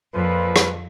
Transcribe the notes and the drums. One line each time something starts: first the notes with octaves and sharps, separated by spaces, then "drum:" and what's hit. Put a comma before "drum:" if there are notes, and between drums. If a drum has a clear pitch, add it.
F2 A#2 F3 B4
drum: rim click